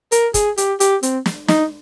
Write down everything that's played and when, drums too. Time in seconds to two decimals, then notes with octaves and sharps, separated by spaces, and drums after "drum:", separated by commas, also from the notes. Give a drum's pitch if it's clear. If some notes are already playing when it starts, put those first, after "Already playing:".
0.12 A#4, drum: hi-hat
0.34 G#4, drum: kick, hi-hat
0.58 G4, drum: hi-hat
0.80 G4, drum: hi-hat
1.03 C4, drum: hi-hat
1.26 drum: snare
1.48 D#4, drum: snare